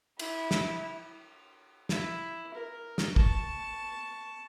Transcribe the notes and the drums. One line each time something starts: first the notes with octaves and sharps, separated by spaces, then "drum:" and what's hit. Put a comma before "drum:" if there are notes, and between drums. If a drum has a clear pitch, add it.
E4, drum: cymbal
drum: snare
E4, drum: snare
A#4
drum: snare
A5 C#6, drum: kick